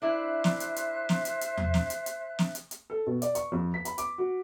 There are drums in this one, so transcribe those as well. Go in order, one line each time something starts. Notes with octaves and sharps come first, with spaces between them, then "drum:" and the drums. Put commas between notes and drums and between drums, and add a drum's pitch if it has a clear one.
D4 E4 C5 E5 F#6
drum: snare
drum: hi-hat
drum: hi-hat
drum: snare
drum: hi-hat
drum: hi-hat
drum: tom E2
drum: snare
drum: hi-hat
drum: hi-hat
drum: snare
drum: hi-hat
drum: hi-hat
A4
B2
D5, drum: hi-hat
C#6, drum: hi-hat
F2
B6
B5, drum: hi-hat
D6, drum: hi-hat
F#4